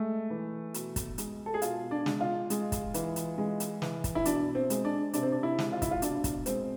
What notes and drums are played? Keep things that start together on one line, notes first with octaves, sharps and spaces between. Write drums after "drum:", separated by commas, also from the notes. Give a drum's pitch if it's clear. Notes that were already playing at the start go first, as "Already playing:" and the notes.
Already playing: G#3 A3
E3
B2, drum: hi-hat
drum: kick, hi-hat
G#3, drum: hi-hat
A4
G#4
B2 F4, drum: hi-hat
D4
G#3, drum: snare
F4
G#3, drum: hi-hat
drum: kick, hi-hat
E3, drum: hi-hat
drum: hi-hat
G#3
drum: hi-hat
E3, drum: snare
drum: kick, hi-hat
E4
B2 D4, drum: hi-hat
C4
G#3, drum: hi-hat
D4
C3 D4, drum: hi-hat
C4
D4
E4
G#3, drum: snare
F4
E4, drum: kick, hi-hat
F4
B2 D4, drum: hi-hat
drum: kick, hi-hat
G#3 C4, drum: hi-hat